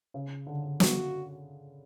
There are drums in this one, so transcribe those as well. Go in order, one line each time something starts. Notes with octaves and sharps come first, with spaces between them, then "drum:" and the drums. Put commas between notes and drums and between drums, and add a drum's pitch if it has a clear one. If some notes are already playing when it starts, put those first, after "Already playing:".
C#3
D3
D3
F#4, drum: snare